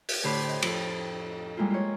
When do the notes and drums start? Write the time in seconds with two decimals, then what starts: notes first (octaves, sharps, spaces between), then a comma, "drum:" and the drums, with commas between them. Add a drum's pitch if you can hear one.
0.09 drum: open hi-hat
0.23 A2 D3 G4 C5 C#5 B5
0.47 D#5
0.62 F2 A4, drum: cymbal
1.57 G3 G#3 A#3 E4 F4
1.70 F4 C#5